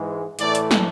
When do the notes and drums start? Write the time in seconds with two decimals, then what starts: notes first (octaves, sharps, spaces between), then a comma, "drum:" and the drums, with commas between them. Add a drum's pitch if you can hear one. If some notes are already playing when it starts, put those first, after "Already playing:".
Already playing: G#2 E3 G#3
0.39 A2 E3 A3 D5, drum: hi-hat
0.55 drum: hi-hat
0.71 drum: snare